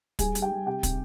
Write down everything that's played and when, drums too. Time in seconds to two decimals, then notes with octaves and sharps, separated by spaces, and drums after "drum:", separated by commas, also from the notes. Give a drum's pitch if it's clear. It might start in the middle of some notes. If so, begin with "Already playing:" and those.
0.19 G3 G#4 G#5, drum: kick, hi-hat
0.35 G3, drum: hi-hat
0.42 G4 G5
0.51 G3
0.66 C3 G4 G5
0.83 C3, drum: kick, hi-hat